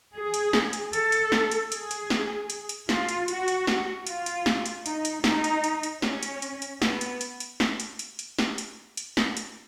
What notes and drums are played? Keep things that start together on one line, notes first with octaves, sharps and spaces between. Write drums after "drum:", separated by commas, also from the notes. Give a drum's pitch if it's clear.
G#4
drum: hi-hat
drum: snare
drum: hi-hat
A4, drum: hi-hat
drum: hi-hat
drum: snare
drum: hi-hat
G#4, drum: hi-hat
drum: hi-hat
drum: snare
drum: hi-hat
drum: hi-hat
F4, drum: snare
drum: hi-hat
F#4, drum: hi-hat
drum: hi-hat
drum: snare
F4, drum: hi-hat
drum: hi-hat
drum: snare
drum: hi-hat
D#4, drum: hi-hat
drum: hi-hat
D#4, drum: snare
drum: hi-hat
drum: hi-hat
drum: hi-hat
C#4, drum: snare
drum: hi-hat
drum: hi-hat
drum: hi-hat
B3, drum: snare
drum: hi-hat
drum: hi-hat
drum: hi-hat
drum: snare
drum: hi-hat
drum: hi-hat
drum: hi-hat
drum: snare
drum: hi-hat
drum: hi-hat
drum: snare
drum: hi-hat